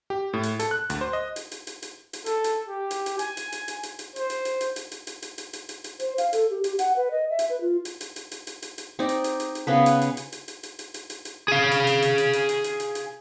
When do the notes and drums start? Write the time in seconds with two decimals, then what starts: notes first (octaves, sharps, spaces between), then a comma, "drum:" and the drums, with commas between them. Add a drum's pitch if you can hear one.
0.10 G4
0.33 A2
0.43 drum: hi-hat
0.59 A4, drum: hi-hat
0.71 F#6
0.90 D2, drum: hi-hat
1.01 C5
1.13 D#5
1.36 drum: hi-hat
1.51 drum: hi-hat
1.67 drum: hi-hat
1.82 drum: hi-hat
2.13 drum: hi-hat
2.26 A4, drum: hi-hat
2.44 drum: hi-hat
2.69 G4
2.91 drum: hi-hat
3.06 drum: hi-hat
3.19 G#5, drum: hi-hat
3.37 drum: hi-hat
3.52 drum: hi-hat
3.68 drum: hi-hat
3.83 drum: hi-hat
3.99 drum: hi-hat
4.16 C5, drum: hi-hat
4.30 drum: hi-hat
4.45 drum: hi-hat
4.61 drum: hi-hat
4.76 drum: hi-hat
4.91 drum: hi-hat
5.07 drum: hi-hat
5.22 drum: hi-hat
5.38 drum: hi-hat
5.53 drum: hi-hat
5.69 drum: hi-hat
5.84 drum: hi-hat
5.99 C5, drum: hi-hat
6.18 F5, drum: hi-hat
6.33 A4, drum: hi-hat
6.51 G4
6.64 G4, drum: hi-hat
6.79 F#5, drum: hi-hat
6.96 B4
7.11 D#5
7.30 E5
7.39 drum: hi-hat
7.50 B4
7.61 F4
7.85 drum: hi-hat
8.01 drum: hi-hat
8.16 drum: hi-hat
8.31 drum: hi-hat
8.47 drum: hi-hat
8.62 drum: hi-hat
8.78 drum: hi-hat
8.99 C4 D#4 D5
9.09 drum: hi-hat
9.24 drum: hi-hat
9.40 drum: hi-hat
9.55 drum: hi-hat
9.67 C#3 B3 B4
9.86 drum: hi-hat
10.01 drum: hi-hat
10.17 drum: hi-hat
10.32 drum: hi-hat
10.48 drum: hi-hat
10.63 drum: hi-hat
10.79 drum: hi-hat
10.94 drum: hi-hat
11.10 drum: hi-hat
11.25 drum: hi-hat
11.48 G#4 F5
11.71 drum: hi-hat
11.87 drum: hi-hat
12.02 drum: hi-hat
12.18 drum: hi-hat
12.33 drum: hi-hat
12.49 drum: hi-hat
12.64 drum: hi-hat
12.80 drum: hi-hat
12.95 drum: hi-hat